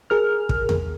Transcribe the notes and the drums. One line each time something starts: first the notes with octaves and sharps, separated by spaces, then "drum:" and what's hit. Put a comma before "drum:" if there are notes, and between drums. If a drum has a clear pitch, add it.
G#4 A#4 F6
drum: kick
drum: tom E2